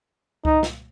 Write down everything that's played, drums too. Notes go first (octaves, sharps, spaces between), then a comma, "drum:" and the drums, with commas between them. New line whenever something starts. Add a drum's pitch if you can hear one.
D#4, drum: kick C2
drum: snare